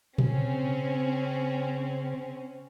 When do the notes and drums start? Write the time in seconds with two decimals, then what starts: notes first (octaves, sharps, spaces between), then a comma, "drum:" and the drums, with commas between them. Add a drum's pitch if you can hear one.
0.18 C#3 C4 C#4, drum: tom A#2